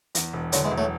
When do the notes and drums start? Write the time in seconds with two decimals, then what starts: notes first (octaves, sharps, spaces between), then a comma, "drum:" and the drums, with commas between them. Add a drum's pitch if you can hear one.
0.15 E2, drum: hi-hat
0.33 E1
0.52 E2 D3 F#3, drum: hi-hat
0.64 E3 G#3
0.71 E1
0.78 F#3 A3